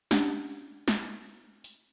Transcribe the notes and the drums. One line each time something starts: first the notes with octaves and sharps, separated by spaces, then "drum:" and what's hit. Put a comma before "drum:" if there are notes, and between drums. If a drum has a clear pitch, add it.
C#4 D4 G4 F#5 A#5, drum: snare
drum: snare
drum: open hi-hat